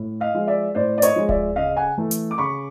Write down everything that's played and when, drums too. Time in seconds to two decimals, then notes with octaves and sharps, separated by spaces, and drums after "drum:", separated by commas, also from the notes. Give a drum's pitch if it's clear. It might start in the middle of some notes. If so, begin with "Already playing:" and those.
Already playing: A2
0.20 D#5 F5
0.34 F3 G#3
0.47 D5 E5
0.75 A2 C5 D5
0.98 D5
1.02 C#5 D#5, drum: hi-hat
1.16 F3 G#3
1.29 D5 E5, drum: kick D1
1.56 C#3 D#5 F5
1.77 F#5 G#5
1.98 E3 A3
2.11 drum: hi-hat
2.31 D6
2.38 C#3 B5 C#6